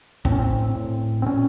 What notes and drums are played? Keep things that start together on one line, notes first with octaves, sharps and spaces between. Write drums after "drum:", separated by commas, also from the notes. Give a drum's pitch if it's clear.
A2 C4, drum: kick
C#4
C4
A2
C4
A#2 C#4